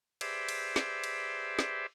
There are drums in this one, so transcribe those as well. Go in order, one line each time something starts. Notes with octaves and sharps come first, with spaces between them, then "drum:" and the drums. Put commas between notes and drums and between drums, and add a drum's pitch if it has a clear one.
G4 G#4 B4 C5 D5 E5, drum: cymbal
drum: cymbal
drum: snare
drum: cymbal
drum: snare